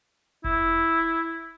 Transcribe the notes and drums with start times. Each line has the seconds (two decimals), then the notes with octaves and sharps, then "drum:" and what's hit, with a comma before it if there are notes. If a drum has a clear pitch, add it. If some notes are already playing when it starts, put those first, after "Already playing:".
0.44 E4, drum: kick F1